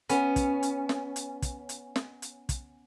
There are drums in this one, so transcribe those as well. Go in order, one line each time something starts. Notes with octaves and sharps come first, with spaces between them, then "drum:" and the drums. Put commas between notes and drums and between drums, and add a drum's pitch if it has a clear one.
B3 C#4, drum: hi-hat
drum: kick, hi-hat
drum: hi-hat
drum: snare
drum: hi-hat
drum: kick, hi-hat
drum: hi-hat
drum: snare
drum: hi-hat
drum: kick, hi-hat